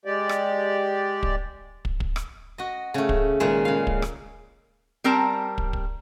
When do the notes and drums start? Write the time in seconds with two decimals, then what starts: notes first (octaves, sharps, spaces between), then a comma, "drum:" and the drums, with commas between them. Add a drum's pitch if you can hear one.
0.05 G#3 G4 D5
0.29 drum: rim click
1.23 drum: kick
1.85 drum: kick
2.00 drum: kick
2.16 drum: rim click
2.58 F#4 D#5
2.94 C#3 A3
3.09 drum: kick
3.40 A#2 D#3 G#3
3.65 C#3 F5
3.87 drum: kick
4.02 drum: rim click
5.04 G3 C4 A#4 A5 A#5
5.58 drum: kick
5.73 drum: kick